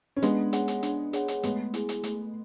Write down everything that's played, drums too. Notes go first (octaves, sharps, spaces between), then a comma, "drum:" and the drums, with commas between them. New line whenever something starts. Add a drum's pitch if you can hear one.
C#4
G#3 B3 D4, drum: hi-hat
G#4 C#5 F#5, drum: hi-hat
drum: hi-hat
D4, drum: hi-hat
G#4 C#5 F#5, drum: hi-hat
drum: hi-hat
G#3 A3 B3, drum: hi-hat
E4 G#4, drum: hi-hat
drum: hi-hat
A3, drum: hi-hat